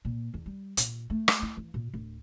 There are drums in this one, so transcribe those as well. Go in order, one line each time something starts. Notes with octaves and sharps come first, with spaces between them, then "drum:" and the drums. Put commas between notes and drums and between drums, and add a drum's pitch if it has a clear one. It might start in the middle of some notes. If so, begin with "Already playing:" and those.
A#2
E2
G3
A#2, drum: hi-hat
A3
drum: rim click
E4
E3
A#2
D1